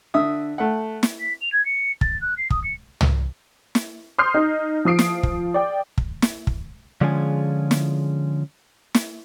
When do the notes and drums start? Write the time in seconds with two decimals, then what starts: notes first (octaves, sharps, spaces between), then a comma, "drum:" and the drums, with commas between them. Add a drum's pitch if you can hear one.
0.14 D3 E5 D#6
0.58 A3 F#5
1.03 drum: snare
1.19 B6
1.41 F7
1.52 G#6
1.65 C#7
2.01 A6, drum: kick
2.21 F#6
2.37 C7
2.50 D#6, drum: kick
2.63 C#7
3.01 drum: tom
3.75 drum: snare
4.18 C6 D#6 F6 G6 C7
4.34 D#4
4.85 F3 D#6 C7 D7
4.99 drum: snare
5.23 drum: kick
5.54 D5 G5
5.98 drum: kick
6.22 drum: snare
6.47 drum: kick
7.01 D3 F3 G#3 C#4 F4 G#4
7.71 drum: snare
8.95 drum: snare